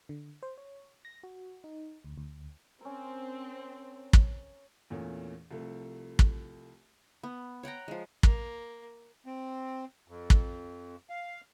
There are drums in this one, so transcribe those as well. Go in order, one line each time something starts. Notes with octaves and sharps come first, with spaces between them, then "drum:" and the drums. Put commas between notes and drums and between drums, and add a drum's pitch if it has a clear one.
D3
C5
C#5
A#6
F#4
D#4
D2
D2
C4 C#4 A#4
drum: kick
E2 A#2 A3 C#4
C2 F3 A3
drum: kick
B3
C#5 F#5 G5 A#5
F3 G#3
A#3, drum: kick
C4
F2
drum: kick
F5